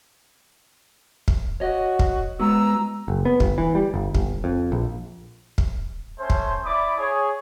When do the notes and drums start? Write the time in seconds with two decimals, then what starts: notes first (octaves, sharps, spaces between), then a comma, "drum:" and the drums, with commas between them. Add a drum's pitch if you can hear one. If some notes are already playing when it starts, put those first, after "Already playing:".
1.28 drum: kick
1.60 F#4 C#5 D#5
1.99 drum: kick
2.40 G#3 B3 F#4 A#5 E6
3.08 F#1
3.25 B3
3.40 G1, drum: kick
3.58 E3
3.75 G3
3.94 G1
4.15 G1, drum: kick
4.44 F2
4.72 A#1
5.58 drum: kick
6.19 A3 C#4 C5
6.30 drum: kick
6.65 E4 D5 B5 D6 D#6
6.97 G#4 C#5